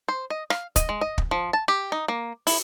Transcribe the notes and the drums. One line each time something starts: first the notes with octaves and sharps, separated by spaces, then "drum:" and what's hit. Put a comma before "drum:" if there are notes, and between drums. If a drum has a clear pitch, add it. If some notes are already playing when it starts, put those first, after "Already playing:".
C5
D#5
F5, drum: rim click
D#5, drum: kick, hi-hat
G#3
D#5
drum: kick
F3
A5
G4
D#4
A#3
E4, drum: open hi-hat